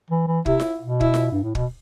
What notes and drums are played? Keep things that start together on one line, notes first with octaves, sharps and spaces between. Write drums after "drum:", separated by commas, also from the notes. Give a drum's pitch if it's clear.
E3
E3
C3 E4, drum: kick
drum: snare F4
B2
E4, drum: kick
drum: snare F4
G2
A2
B2, drum: kick